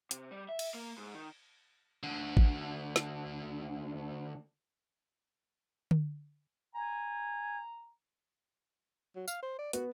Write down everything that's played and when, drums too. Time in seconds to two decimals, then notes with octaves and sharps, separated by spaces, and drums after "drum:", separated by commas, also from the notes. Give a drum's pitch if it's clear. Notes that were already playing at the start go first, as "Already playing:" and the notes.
0.11 C3, drum: hi-hat
0.31 G3
0.49 E5
0.59 drum: cymbal
0.74 A#3
0.98 G#2
1.15 D#3
2.03 D2 D3
2.37 drum: kick
2.96 drum: snare
5.91 drum: tom D3
6.75 G#5 A#5
9.16 F#3
9.28 F5, drum: tambourine
9.43 C5
9.59 D5
9.73 B3 F#4, drum: hi-hat